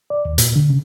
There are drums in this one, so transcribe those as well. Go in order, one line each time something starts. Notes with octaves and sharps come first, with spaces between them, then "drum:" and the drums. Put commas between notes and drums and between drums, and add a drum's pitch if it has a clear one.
D5
D#2
A#2, drum: hi-hat
D3
C#3